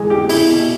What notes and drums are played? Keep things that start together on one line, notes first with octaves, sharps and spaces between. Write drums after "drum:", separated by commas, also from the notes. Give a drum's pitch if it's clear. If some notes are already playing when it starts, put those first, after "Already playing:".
Already playing: E3 G#3
G4
E4, drum: open hi-hat
B2